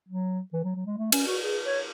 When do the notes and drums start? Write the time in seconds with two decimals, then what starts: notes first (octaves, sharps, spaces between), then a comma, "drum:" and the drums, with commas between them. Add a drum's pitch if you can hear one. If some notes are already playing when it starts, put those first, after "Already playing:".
0.09 F#3
0.53 E3
0.64 F#3
0.76 F#3
0.86 G#3
0.98 A3
1.12 C#4, drum: cymbal
1.27 F#4
1.42 G#4
1.64 C#5